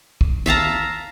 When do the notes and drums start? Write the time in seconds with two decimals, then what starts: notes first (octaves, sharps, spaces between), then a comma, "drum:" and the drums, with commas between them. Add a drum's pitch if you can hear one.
0.21 drum: kick
0.46 E5 F5 A5 A#5